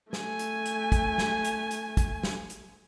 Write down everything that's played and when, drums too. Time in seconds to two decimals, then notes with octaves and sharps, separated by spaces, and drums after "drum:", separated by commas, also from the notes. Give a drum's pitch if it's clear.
0.13 A3 G#5, drum: snare
0.39 drum: hi-hat
0.66 drum: hi-hat
0.92 drum: kick, hi-hat
1.18 drum: snare
1.44 drum: hi-hat
1.71 drum: hi-hat
1.97 drum: kick, hi-hat
2.23 drum: snare
2.50 drum: hi-hat